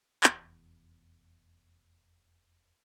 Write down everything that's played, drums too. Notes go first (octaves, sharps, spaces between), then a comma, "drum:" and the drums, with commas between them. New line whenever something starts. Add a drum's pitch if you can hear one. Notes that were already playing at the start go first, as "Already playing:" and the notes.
F1 E2, drum: clap